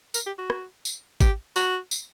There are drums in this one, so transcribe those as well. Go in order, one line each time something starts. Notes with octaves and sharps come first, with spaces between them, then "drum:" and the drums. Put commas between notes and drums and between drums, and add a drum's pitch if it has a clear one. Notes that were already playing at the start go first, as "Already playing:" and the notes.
A#4, drum: tambourine
G4
F#4
drum: rim click
drum: tambourine
G4, drum: kick, tambourine
F#4, drum: tambourine
drum: tambourine